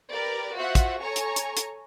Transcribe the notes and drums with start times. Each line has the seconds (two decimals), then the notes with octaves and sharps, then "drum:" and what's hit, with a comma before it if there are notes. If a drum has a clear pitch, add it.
0.12 G4 A#4 B4 D5
0.55 F4 F#4 C5 E5 F#5
0.75 drum: kick, hi-hat
1.01 A4 C#5 G#5 A#5 C#6
1.16 drum: hi-hat
1.36 drum: hi-hat
1.57 drum: hi-hat